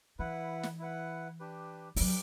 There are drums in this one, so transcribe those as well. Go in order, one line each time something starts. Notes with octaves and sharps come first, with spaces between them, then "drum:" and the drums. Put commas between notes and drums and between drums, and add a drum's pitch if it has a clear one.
E3 E4 B4 F#5
drum: snare
E4 B4 F#5
D4 G4 B4
E3, drum: open hi-hat
F#3 D4 G4 B4